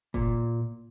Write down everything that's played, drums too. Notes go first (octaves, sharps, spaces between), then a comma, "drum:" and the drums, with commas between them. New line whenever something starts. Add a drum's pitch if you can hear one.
A#2, drum: kick